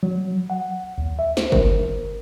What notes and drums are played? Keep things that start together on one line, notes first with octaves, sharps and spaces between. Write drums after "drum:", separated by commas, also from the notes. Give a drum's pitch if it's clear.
F#3
F#5
D#2
E5
C5, drum: snare
A#4, drum: kick G1